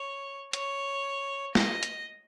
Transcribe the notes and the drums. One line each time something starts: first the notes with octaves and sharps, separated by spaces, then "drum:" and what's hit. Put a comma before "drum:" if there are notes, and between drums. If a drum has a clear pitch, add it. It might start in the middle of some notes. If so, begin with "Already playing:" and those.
Already playing: C#5
C#5, drum: hi-hat
D#5, drum: snare
drum: hi-hat